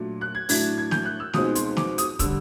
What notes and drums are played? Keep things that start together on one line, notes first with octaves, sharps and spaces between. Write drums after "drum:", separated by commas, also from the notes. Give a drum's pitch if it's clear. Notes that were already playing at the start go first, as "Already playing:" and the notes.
Already playing: A#2 F#3 A3 D4
F#6
G#6
A2 F#3 A3 D4 G#6, drum: open hi-hat
G#6
G6, drum: snare
F#6
E6
C#2 B2 G#3 C4 D#4 D#6, drum: snare
C6, drum: hi-hat
D6, drum: snare
D#6, drum: hi-hat
D3 G3 E6, drum: kick, hi-hat